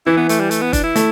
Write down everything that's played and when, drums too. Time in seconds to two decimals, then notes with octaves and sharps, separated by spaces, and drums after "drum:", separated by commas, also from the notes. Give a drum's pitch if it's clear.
0.06 E3 E4
0.17 B3
0.29 A3, drum: hi-hat
0.40 G3
0.51 A3, drum: hi-hat
0.61 B3
0.73 D4, drum: kick, hi-hat
0.84 E4
0.96 A3, drum: hi-hat